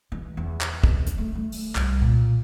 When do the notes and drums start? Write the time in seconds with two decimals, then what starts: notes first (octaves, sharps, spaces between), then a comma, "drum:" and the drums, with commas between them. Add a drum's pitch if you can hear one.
0.12 E3
0.37 E2
0.61 drum: clap
0.84 drum: kick
1.06 drum: hi-hat
1.18 A3
1.35 A3
1.52 drum: open hi-hat
1.75 C2, drum: clap
2.01 A#2